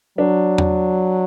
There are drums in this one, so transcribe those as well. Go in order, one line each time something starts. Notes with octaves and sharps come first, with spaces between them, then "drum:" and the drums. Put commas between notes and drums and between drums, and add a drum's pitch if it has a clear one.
F#3 D4
drum: tom E2